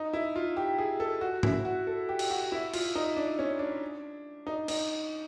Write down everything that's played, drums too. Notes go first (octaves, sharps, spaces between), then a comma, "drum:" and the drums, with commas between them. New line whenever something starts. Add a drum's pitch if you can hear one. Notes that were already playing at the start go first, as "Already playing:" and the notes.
Already playing: D#4
E4
F4
G4
G#4
A4
F#4
E4, drum: tom G#2
F#4
A4
G4
drum: cymbal
F#4
E4
F4, drum: cymbal
D#4
D4
C#4
D4
D#4
D#4, drum: cymbal